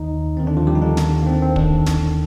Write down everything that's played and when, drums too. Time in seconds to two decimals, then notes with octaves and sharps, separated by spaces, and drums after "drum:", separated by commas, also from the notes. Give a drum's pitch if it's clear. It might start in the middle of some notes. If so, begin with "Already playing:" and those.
Already playing: D#2 D#3 D#4
0.37 D#2 D#3 C4
0.47 D3 D4
0.57 F3 F4
0.67 G3 G4
0.75 D#4
0.82 D3 D4
0.97 D#2 D#3, drum: snare
1.22 A#3
1.26 C4
1.42 C4
1.56 D#2 D3 D#3 D4, drum: kick
1.86 drum: snare